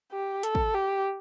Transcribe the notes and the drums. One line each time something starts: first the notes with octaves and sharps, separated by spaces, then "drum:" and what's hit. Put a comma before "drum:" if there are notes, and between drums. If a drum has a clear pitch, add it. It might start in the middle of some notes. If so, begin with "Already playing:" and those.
G4
A4, drum: hi-hat
drum: kick
G4